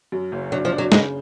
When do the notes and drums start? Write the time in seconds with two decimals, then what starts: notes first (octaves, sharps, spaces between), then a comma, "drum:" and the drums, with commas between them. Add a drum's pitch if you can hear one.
0.12 F#2
0.32 F#1
0.52 F#3 D4
0.65 F3
0.72 D4
0.78 F#3
0.92 G#2 C#3 G#3, drum: snare